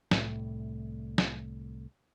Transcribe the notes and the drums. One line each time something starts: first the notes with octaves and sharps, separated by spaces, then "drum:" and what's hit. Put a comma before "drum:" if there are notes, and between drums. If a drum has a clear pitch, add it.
C2 A2 A3, drum: snare
drum: snare